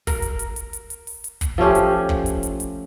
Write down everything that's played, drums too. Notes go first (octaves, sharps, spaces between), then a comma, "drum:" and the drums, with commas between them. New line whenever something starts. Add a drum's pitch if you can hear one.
A#4, drum: kick, open hi-hat
drum: hi-hat
drum: hi-hat
drum: hi-hat
drum: hi-hat
drum: hi-hat
drum: open hi-hat
drum: hi-hat
drum: kick, hi-hat
F3 A3 C#4 G4
drum: hi-hat
drum: kick
drum: hi-hat
drum: hi-hat
drum: hi-hat